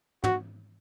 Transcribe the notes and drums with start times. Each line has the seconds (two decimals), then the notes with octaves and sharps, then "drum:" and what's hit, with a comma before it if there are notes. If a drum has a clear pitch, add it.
0.24 F#4, drum: tom